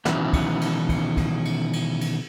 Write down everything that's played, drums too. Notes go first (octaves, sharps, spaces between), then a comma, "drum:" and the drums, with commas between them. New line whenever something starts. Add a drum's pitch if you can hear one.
B2 D#3 E3 F#3 C#4 E4, drum: snare
drum: kick, cymbal
drum: cymbal
drum: kick, cymbal
drum: kick, cymbal
drum: cymbal
drum: cymbal
drum: cymbal